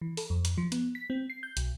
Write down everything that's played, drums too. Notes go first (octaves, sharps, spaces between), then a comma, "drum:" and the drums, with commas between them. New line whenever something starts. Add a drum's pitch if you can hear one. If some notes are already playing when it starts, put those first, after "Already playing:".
E3
A4, drum: open hi-hat
F2
drum: hi-hat
F3
B3, drum: hi-hat
B6
C4
C7
G6
B1, drum: hi-hat